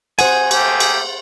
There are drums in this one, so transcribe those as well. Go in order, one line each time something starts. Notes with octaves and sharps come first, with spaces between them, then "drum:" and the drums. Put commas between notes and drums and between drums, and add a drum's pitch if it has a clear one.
G#4 C5 F#5 G#5, drum: cymbal
A3 A#3 G4, drum: cymbal
drum: cymbal